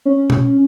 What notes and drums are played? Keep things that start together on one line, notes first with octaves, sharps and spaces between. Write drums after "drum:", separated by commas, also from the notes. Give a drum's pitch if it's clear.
C#4
drum: tom B2